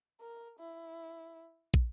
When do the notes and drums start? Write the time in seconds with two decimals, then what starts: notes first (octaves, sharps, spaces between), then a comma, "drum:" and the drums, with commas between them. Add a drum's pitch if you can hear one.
0.21 A#4
0.59 E4
1.74 drum: kick